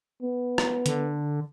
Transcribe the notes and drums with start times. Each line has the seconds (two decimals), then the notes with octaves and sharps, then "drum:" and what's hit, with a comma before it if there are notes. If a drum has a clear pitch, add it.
0.22 B3
0.58 drum: rim click
0.86 D3, drum: hi-hat